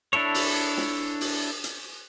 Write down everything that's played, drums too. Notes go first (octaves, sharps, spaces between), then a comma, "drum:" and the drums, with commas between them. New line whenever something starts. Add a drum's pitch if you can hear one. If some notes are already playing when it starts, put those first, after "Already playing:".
D4 E4 A4 C#5
drum: open hi-hat
drum: snare
drum: open hi-hat
drum: hi-hat